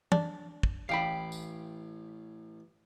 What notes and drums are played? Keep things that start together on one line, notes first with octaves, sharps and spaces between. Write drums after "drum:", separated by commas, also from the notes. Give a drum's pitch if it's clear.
D4, drum: tom
drum: kick
A1 F5 G5 B5
drum: tambourine